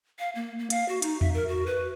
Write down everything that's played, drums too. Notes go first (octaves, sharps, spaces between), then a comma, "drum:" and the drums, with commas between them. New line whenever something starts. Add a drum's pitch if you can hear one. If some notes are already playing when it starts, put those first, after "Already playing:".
F5
A#3
A#3
F5, drum: hi-hat
F#4
D#4, drum: hi-hat
E5, drum: tom E2
A#4
F#4
B4